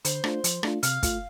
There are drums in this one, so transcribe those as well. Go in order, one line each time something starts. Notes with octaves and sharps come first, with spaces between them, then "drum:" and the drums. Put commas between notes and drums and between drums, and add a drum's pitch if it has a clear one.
D3 C5, drum: hi-hat
A3 D4 F4, drum: rim click
F3, drum: hi-hat
A3 D4 F4, drum: rim click
C3 F5, drum: hi-hat
A3 F4, drum: kick, hi-hat